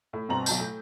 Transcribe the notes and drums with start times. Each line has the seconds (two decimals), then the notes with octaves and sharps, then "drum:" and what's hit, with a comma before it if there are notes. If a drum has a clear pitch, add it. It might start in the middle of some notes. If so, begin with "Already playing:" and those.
0.13 A2
0.29 G2 B2 C4 A#5 F#7
0.46 B1 F#3 A5 G6, drum: tambourine
0.59 A2